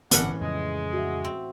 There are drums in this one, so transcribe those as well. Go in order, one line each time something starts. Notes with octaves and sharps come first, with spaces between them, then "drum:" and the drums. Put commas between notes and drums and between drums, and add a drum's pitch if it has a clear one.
G1 A2 D3 E3 C#4 D4 F#5, drum: hi-hat
F2 C#3 G#3
F#4 E5
C4